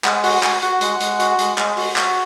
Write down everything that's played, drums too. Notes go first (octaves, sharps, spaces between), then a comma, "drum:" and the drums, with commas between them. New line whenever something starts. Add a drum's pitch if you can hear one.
G#3 F#5, drum: clap
F#4 F#5, drum: open hi-hat
F#4 G#5, drum: clap
F#4 F#5, drum: hi-hat
G#3 F#5, drum: hi-hat
G#3, drum: hi-hat
F#4, drum: hi-hat
G#3, drum: hi-hat
G#3, drum: clap
F#4, drum: open hi-hat
F#4, drum: clap